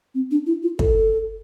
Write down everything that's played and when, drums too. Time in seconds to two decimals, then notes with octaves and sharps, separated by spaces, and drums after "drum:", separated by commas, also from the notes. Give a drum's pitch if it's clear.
0.15 C4
0.31 D4
0.46 E4
0.63 F4
0.79 A4, drum: kick